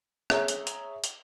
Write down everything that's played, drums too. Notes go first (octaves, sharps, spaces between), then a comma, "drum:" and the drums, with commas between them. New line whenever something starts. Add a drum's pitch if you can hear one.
G#4 C#5 E5 A#5, drum: rim click
drum: hi-hat
drum: hi-hat
drum: hi-hat